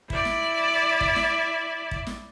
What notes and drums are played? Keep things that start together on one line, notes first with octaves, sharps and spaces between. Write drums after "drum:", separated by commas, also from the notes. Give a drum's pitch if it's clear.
E4 D5, drum: kick
drum: snare
drum: kick
drum: snare
drum: kick
drum: snare